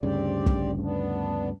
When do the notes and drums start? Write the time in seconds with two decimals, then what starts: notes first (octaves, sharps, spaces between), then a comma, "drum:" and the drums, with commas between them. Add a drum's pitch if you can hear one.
0.03 D2 G2 C#3 C4 G4 D5
0.46 drum: kick
0.83 B3 D4